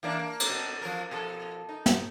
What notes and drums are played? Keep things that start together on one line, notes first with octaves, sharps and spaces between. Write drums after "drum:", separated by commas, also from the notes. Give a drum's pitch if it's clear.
E3 A#3 D4
A#3
drum: cymbal
B2
F3 A#4
B2 F3 A4
D#4
drum: snare